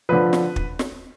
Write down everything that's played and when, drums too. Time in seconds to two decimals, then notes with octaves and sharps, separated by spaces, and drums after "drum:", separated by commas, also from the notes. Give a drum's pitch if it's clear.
0.09 D3 F3 B4
0.33 drum: snare
0.56 drum: kick
0.79 drum: snare